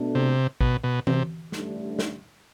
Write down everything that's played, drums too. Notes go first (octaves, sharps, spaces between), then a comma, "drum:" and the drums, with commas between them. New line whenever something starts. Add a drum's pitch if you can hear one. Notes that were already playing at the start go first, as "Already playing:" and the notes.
Already playing: B2 A3 D4
C3
B2, drum: kick A1
B2
C3, drum: tom E3
A1 G2 D3 A3, drum: snare
drum: snare